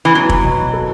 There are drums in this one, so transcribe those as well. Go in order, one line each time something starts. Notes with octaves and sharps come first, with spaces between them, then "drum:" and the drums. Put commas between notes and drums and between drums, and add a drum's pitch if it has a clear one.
E3
F#3 B3
drum: kick
B2
A4